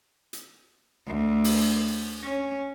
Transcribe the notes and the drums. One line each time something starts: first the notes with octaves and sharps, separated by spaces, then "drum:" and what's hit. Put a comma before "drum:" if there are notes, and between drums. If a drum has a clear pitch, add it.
drum: hi-hat
D2
drum: open hi-hat
C#4